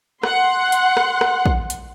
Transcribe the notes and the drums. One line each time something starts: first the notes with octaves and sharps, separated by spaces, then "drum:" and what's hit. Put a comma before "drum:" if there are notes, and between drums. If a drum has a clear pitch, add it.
F#5 C6, drum: rim click
drum: hi-hat
drum: rim click
drum: rim click
drum: kick
drum: hi-hat